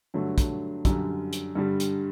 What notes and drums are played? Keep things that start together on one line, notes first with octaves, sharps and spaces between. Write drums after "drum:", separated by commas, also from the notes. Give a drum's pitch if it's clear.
G2 D3 F#3 A3
drum: kick, hi-hat
F#2 D3 G3, drum: kick, hi-hat
drum: hi-hat
G2 D3 G3
drum: hi-hat